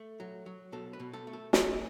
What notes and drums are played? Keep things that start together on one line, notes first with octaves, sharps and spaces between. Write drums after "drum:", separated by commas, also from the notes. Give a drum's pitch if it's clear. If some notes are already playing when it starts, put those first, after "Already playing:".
Already playing: A3
F#3
F#3
B2 A4
B4
B2
A4
A3
A4
A3 G#4, drum: snare